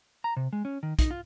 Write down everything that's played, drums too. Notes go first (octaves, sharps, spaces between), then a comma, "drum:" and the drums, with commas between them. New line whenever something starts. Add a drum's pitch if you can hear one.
A#5
C3
G#3
C#4
D#3
D#4, drum: kick, hi-hat
F4